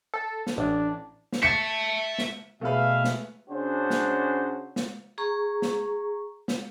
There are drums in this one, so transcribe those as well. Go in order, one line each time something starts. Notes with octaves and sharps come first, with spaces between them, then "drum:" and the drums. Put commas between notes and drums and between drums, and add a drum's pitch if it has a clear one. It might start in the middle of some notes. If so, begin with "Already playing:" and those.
A4
drum: snare
A1 D4
drum: snare
E5 A5 C#7
drum: snare
B2 A3 G#4 B4 E5 F5
drum: snare
C#3 C#4 D4 F#4 C5
drum: snare
drum: snare
G#4 A#5 C#6
drum: snare
drum: snare